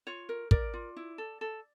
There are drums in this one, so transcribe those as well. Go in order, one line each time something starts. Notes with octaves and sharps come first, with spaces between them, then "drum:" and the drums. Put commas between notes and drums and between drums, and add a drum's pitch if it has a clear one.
F4 C#5
A#4
A#4 D5, drum: kick
F4
E4
A4
A4